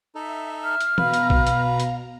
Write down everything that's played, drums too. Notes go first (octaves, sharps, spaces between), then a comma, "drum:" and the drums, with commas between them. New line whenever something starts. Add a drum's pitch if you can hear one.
D#4 A4 E5
F6
drum: hi-hat
B2 B4 F5 A#5, drum: tom E3
drum: hi-hat
drum: kick A#1
drum: hi-hat
drum: hi-hat